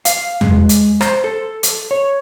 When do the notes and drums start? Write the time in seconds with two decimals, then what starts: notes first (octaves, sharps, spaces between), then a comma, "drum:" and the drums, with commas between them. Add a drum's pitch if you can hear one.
0.05 F5, drum: hi-hat
0.41 G#3, drum: tom E2
0.69 drum: hi-hat
1.01 C5, drum: rim click
1.24 A4
1.63 drum: hi-hat
1.91 C#5